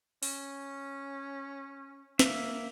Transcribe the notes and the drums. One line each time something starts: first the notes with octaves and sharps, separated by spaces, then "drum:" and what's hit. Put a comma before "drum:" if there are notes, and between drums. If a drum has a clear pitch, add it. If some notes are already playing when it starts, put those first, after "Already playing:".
C#4, drum: open hi-hat
A#3 E5, drum: snare